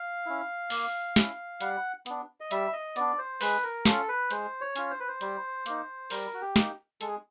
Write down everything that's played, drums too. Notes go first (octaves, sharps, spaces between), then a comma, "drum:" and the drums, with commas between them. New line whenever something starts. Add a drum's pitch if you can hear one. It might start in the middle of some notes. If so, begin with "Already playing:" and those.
Already playing: F5
C#4 E4
A#3, drum: open hi-hat
C#4 E4, drum: snare
G3 F#5, drum: hi-hat
B3 D4, drum: hi-hat
D#5
G3 E5, drum: hi-hat
D#5
B3 D4 D5, drum: hi-hat
C5
G#3 B4, drum: open hi-hat
A#4
C#4 F4 A4, drum: snare
B4
G#3 C5, drum: hi-hat
C#5
C#4 F4, drum: hi-hat
C5
B4
C5
G3, drum: hi-hat
A#3 D#4, drum: hi-hat
G3 A#4, drum: open hi-hat
F#4
G4
A#3 D#4, drum: snare
G#3 A4, drum: hi-hat
G#4